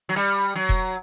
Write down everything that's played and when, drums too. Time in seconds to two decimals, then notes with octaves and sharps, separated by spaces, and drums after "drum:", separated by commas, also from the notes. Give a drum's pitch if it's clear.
0.09 F#3
0.16 G3
0.56 F#3
0.69 drum: kick E1